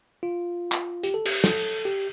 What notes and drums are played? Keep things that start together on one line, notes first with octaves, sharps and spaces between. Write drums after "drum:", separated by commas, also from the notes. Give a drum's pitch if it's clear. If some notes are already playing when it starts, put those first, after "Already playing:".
F4
drum: clap
G4, drum: hi-hat
A4
G4, drum: cymbal
A4, drum: snare
G4